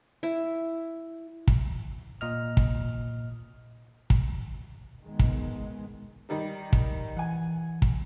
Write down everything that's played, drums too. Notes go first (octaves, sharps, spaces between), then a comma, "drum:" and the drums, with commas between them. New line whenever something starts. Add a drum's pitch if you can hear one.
E4
drum: kick
A#2 D#5 F6
drum: kick
drum: kick
D#3 G#3 B3
drum: kick
D#3 G3 D#4
drum: kick
E3 F#5 G#5
drum: kick